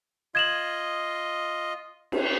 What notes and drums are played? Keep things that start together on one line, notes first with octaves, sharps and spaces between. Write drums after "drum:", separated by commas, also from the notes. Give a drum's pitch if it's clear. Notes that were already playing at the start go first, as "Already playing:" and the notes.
F4 D#5 G#6 E7 F#7
drum: cymbal